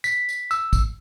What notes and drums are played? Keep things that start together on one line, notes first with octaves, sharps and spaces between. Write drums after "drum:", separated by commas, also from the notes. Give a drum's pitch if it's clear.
B6, drum: tambourine
drum: tambourine
E6, drum: tambourine
drum: kick, tambourine